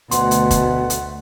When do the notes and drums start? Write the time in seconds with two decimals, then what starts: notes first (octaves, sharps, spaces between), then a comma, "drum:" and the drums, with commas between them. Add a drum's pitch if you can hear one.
0.11 D2 B2 A3 F#5 C6, drum: hi-hat
0.31 drum: hi-hat
0.51 drum: kick, hi-hat
0.90 drum: hi-hat